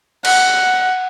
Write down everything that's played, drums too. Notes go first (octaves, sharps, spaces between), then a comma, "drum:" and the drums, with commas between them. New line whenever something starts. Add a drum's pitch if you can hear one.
F#5, drum: cymbal